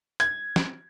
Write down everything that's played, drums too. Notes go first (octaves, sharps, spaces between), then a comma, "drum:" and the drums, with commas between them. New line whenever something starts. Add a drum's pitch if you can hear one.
G#6, drum: hi-hat
drum: snare